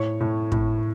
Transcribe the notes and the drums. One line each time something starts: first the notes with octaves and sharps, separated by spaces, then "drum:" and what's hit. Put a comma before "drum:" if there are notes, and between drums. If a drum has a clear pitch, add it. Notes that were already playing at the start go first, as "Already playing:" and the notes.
Already playing: A2 C#5 C#6
A2
A2, drum: kick